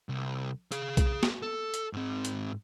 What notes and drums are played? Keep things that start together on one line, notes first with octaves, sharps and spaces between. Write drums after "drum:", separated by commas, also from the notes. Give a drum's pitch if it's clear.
C2
G#4 F5, drum: hi-hat
drum: kick B1, hi-hat
drum: snare
A4
drum: hi-hat
G#2 C4
drum: hi-hat